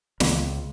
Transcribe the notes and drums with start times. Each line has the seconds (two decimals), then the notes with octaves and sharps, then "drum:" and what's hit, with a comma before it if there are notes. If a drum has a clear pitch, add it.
0.20 C#2, drum: snare